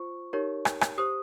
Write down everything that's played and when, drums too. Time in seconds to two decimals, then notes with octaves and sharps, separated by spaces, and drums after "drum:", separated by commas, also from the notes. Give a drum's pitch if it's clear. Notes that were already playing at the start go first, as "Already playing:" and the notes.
Already playing: F4 C5 C#6
0.33 D#4 G4 A#4 C#5
0.65 drum: rim click
0.81 drum: rim click
0.98 G4 C5 D#6